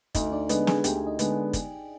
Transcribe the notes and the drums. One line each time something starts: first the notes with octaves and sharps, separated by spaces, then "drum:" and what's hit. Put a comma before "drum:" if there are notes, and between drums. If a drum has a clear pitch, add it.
D2 D#4 D#5, drum: kick, hi-hat
D4 D5
D3 G#3 B3 D#4 D#5, drum: hi-hat
G#4 G#5, drum: snare
D2 G4 G5, drum: hi-hat
D#4 D#5
D3 G#3 B3, drum: hi-hat
drum: kick, hi-hat